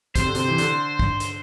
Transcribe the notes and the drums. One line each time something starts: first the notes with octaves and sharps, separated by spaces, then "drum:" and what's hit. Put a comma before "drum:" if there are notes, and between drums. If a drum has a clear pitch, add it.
C3 C5, drum: kick, hi-hat
D3
C3, drum: hi-hat
E3
D3, drum: hi-hat
drum: kick
drum: hi-hat